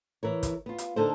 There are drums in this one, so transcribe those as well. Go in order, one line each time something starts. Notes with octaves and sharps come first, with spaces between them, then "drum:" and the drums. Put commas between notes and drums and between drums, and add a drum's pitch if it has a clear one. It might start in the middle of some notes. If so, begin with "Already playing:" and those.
E3 A#4 C#5
drum: kick, hi-hat
B3 F4
drum: hi-hat
D3 D#4 A4 A#4 C5